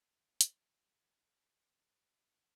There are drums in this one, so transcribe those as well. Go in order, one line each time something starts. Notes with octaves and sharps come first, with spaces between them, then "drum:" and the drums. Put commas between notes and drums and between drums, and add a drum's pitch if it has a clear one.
G3 G#3 C#4 D#4 F#4 G4
D#3, drum: hi-hat
G3 D4
F#2 A2 D3
G#3 A#4 B4
E3 E4